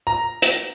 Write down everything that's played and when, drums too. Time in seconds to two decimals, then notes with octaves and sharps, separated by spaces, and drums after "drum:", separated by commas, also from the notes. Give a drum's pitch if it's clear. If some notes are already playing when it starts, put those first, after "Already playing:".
0.07 A#5
0.42 drum: hi-hat